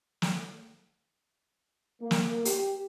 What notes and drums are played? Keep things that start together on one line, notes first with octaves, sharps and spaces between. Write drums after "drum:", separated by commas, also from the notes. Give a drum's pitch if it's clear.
drum: snare
A#3
drum: snare
G4, drum: hi-hat